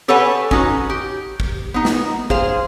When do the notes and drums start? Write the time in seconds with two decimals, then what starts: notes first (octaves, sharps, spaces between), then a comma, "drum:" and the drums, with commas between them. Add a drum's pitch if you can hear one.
0.08 G4 A4 B4 C#5 F#5 G#5
0.51 C#4 D#4 F#4, drum: kick
0.90 G4
1.40 drum: kick
1.74 B3 D#4
1.85 drum: snare
2.30 G#4 C5 F5, drum: kick